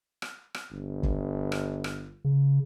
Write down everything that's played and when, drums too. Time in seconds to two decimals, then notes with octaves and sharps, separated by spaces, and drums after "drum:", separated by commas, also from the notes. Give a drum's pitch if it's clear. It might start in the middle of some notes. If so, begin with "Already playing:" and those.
0.22 drum: rim click
0.54 drum: rim click
0.71 G1
1.03 drum: kick
1.52 drum: rim click
1.84 drum: rim click
2.25 C#3